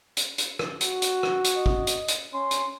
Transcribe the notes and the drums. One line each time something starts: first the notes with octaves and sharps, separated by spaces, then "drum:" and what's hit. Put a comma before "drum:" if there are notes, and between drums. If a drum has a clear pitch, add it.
drum: hi-hat
drum: hi-hat
drum: rim click
F#4, drum: hi-hat
drum: hi-hat
drum: rim click
drum: hi-hat
D#5
drum: kick
drum: hi-hat
drum: hi-hat
C#4 C6
drum: hi-hat